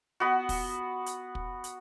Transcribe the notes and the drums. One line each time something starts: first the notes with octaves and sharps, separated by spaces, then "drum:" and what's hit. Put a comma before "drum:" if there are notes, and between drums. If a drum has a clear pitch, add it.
B3 F#4
drum: kick, open hi-hat
drum: hi-hat
drum: kick
drum: hi-hat